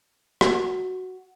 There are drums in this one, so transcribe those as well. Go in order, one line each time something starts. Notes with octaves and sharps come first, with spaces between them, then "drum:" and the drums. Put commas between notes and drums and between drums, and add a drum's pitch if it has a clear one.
F#4, drum: rim click